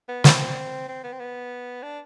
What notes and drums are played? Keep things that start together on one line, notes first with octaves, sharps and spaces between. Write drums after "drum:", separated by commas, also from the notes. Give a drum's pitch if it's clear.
B3
C4, drum: snare
C4
B3
C4
B3
D4